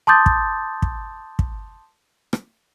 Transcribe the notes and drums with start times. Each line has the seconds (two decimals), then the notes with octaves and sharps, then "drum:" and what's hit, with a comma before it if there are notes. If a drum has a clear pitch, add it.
0.07 A5 C6 D6 D#6 G6 A6
0.26 drum: kick
0.82 drum: kick
1.39 drum: kick
2.33 drum: rim click